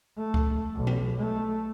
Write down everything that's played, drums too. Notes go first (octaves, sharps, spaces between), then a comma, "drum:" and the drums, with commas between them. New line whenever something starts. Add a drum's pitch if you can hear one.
A3
drum: kick C#2
B1
drum: tom
A3